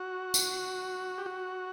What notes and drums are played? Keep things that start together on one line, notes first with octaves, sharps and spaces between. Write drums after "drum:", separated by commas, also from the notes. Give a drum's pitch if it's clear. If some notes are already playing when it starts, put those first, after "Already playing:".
Already playing: F#4
drum: tambourine
G4
F#4